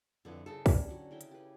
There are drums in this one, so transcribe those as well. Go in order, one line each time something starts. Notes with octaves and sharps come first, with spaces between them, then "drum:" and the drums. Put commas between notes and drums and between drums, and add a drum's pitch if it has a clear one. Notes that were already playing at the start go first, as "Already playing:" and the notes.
F2 D3 E4 B4 C#5
C#3 A4
D3 G3 C#4 A4, drum: kick, open hi-hat
F#3 F#5
C#3 E4 G5
drum: hi-hat
G4 B4